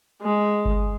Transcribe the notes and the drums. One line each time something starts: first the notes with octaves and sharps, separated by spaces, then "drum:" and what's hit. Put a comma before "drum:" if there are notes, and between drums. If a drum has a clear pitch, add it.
G#3
drum: kick G1